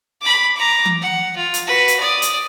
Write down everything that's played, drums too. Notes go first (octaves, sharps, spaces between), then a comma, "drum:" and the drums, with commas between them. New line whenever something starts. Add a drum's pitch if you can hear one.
B5 D6
A#5 D6
drum: tom E3
F#5
F4
drum: hi-hat
F#4 B4
drum: hi-hat
D5 D#6
drum: hi-hat